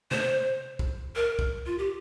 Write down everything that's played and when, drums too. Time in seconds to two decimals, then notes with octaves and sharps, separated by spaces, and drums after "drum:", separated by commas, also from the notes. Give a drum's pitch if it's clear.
0.11 C5, drum: tom C3
0.79 drum: kick C2
1.16 A#4
1.39 drum: kick C2
1.66 F4
1.78 G4